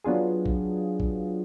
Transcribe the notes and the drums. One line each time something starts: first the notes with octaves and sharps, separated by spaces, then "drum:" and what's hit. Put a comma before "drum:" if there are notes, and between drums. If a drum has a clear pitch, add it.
F#3 B3 D4 F4 G#4
drum: kick A#1
drum: kick A#1